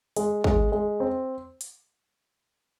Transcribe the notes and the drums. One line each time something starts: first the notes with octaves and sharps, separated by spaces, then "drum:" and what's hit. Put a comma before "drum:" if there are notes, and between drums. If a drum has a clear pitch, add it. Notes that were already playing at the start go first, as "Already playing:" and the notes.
G#3, drum: hi-hat
G#3, drum: kick
G#3
C4
drum: hi-hat